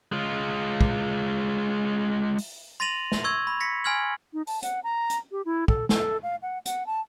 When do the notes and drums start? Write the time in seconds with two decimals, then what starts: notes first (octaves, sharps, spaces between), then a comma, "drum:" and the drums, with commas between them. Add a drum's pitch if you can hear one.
0.12 G#3 F4
0.81 drum: kick
2.38 drum: open hi-hat
2.80 C6 A6 A#6 D#7 F7 F#7
3.12 drum: snare
3.24 C#6 E6 G#6
3.47 B5
3.60 A#6 B6 C#7
3.84 G#5 C6 F6 G#6 F#7
4.34 D#4
4.47 A5, drum: open hi-hat
4.62 F#5, drum: hi-hat
4.84 A#5
5.10 drum: hi-hat
5.32 G4
5.45 E4
5.68 A4, drum: kick
5.89 A4, drum: snare
6.23 F5
6.42 F#5
6.65 F#5, drum: hi-hat
6.86 A5